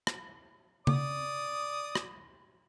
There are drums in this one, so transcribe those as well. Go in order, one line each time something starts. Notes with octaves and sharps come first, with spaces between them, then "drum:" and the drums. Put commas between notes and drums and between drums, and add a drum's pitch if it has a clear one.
drum: rim click
D5 D#6, drum: tom C#3
drum: rim click